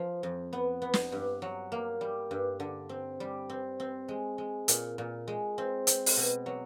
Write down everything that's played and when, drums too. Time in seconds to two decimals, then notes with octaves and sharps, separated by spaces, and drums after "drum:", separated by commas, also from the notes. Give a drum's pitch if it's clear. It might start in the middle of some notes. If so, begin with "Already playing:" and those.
Already playing: F3
0.23 F2
0.53 B3
0.82 B3
0.94 drum: snare
1.12 G2
1.42 F#3
1.72 A#3
2.01 G3
2.31 G2
2.60 D3
2.89 C4
3.20 G3
3.49 C4
3.80 C4
4.09 G#3
4.38 G#3
4.68 A#2, drum: hi-hat
4.98 A#2
5.28 G#3
5.58 C4
5.87 C4, drum: hi-hat
6.06 drum: open hi-hat
6.17 B2
6.46 F#3